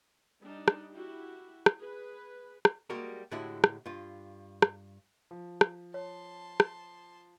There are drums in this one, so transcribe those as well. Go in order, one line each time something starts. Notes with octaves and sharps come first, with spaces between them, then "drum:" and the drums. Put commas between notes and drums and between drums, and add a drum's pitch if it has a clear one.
G3 D4 D#4
drum: rim click
E4 F#4 G4
drum: rim click
G#4 B4
drum: rim click
G3 G#3 A#3 F#4 G4 A#4
A2 D3 G#3 E4 F#4 G4
drum: rim click
G2 F4
drum: rim click
F3
drum: rim click
C#5 A5 C6
drum: rim click